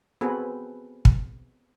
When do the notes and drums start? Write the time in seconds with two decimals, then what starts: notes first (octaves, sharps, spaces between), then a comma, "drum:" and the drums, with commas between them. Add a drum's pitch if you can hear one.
0.21 B3 C4 F#4 G#4 A4 B4
1.05 drum: kick